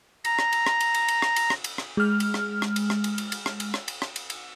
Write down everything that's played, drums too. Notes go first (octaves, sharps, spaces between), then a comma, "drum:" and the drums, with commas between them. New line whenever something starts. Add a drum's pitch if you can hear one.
A#5, drum: cymbal
drum: rim click
drum: cymbal
drum: rim click
drum: cymbal
drum: cymbal
drum: cymbal
drum: rim click
drum: cymbal
drum: rim click
drum: cymbal
drum: rim click
G#3 F6
drum: cymbal
drum: rim click
drum: rim click
drum: cymbal
drum: rim click
drum: cymbal
drum: cymbal
drum: cymbal
drum: rim click
drum: cymbal
drum: rim click
drum: cymbal
drum: rim click
drum: cymbal
drum: cymbal